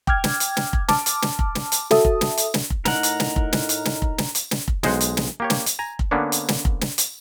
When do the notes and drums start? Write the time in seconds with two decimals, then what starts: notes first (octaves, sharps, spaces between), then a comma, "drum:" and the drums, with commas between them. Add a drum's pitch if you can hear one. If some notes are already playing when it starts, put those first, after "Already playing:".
0.07 G5 D6 F6 G#6, drum: kick F1
0.24 drum: snare
0.40 drum: hi-hat
0.57 drum: snare
0.73 drum: kick F1
0.88 A5 D6 F6, drum: snare
1.06 drum: hi-hat
1.22 drum: snare
1.39 drum: kick F1
1.55 drum: snare
1.72 drum: hi-hat
1.91 F#4 A4 E5 A5 D#6, drum: snare
2.05 drum: kick F1
2.21 drum: snare
2.37 drum: hi-hat
2.54 drum: snare
2.70 drum: kick F1
2.85 A2 D#4 A#4 F#5, drum: snare
3.03 drum: hi-hat
3.20 drum: snare
3.36 drum: kick F1
3.53 drum: snare
3.69 drum: hi-hat
3.85 drum: snare
4.02 drum: kick F1
4.18 drum: snare
4.35 drum: hi-hat
4.51 drum: snare
4.68 drum: kick F1
4.83 B1 G#3 C5 D#5 F#5, drum: snare
5.01 drum: hi-hat
5.17 drum: snare
5.40 A#3 G4 C#5
5.50 drum: snare
5.66 drum: hi-hat
5.79 G#5 A#5
5.99 drum: kick F1
6.11 D3 A#3 B3 C#4 D4
6.32 drum: hi-hat
6.48 drum: snare
6.65 drum: kick F1
6.81 drum: snare
6.98 drum: hi-hat